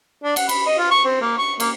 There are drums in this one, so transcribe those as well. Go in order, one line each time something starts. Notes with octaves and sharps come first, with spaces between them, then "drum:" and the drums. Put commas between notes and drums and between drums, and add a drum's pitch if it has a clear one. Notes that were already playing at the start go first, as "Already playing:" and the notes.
D4
F#5, drum: cymbal
B5, drum: cymbal
D#5
F4
C#6
C4
A#3
C#6
A#3, drum: cymbal